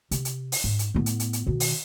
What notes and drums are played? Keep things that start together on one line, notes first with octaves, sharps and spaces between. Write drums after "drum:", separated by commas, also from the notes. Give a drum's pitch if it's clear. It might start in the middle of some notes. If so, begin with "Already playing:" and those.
C3, drum: hi-hat
drum: hi-hat
drum: open hi-hat
G#2
drum: hi-hat
A2 B3
drum: hi-hat
drum: hi-hat
drum: hi-hat
B2 D#3
drum: open hi-hat